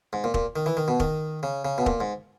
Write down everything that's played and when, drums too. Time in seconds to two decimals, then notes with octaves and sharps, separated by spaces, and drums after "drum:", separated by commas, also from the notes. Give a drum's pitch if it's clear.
0.13 G#2
0.24 A#2
0.34 A#2, drum: kick
0.56 D#3
0.66 E3
0.77 D#3
0.88 B2
1.00 D#3, drum: kick
1.43 C#3
1.65 C#3
1.78 B2
1.86 A#2, drum: kick
2.00 G#2